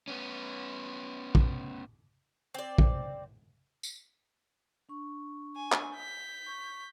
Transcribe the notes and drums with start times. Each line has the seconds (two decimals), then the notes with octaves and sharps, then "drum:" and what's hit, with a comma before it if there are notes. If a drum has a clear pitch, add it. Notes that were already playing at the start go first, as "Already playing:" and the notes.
0.08 B3 C#4
1.35 drum: kick
2.54 C4 D5
2.78 drum: kick
3.83 drum: tambourine
4.89 D4 C#6
5.56 G#5
5.72 drum: clap
5.95 G6 B6
6.46 C#6